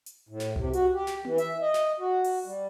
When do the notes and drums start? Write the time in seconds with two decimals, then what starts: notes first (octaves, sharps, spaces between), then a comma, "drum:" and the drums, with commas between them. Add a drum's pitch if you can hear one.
0.06 drum: hi-hat
0.29 A2
0.40 drum: snare
0.56 C3, drum: tom C2
0.73 F#4, drum: hi-hat
0.93 G4
1.07 drum: snare
1.25 E3, drum: tom B3
1.38 E5, drum: hi-hat
1.62 D#5
1.74 drum: snare
2.00 F#4
2.24 drum: open hi-hat
2.45 G3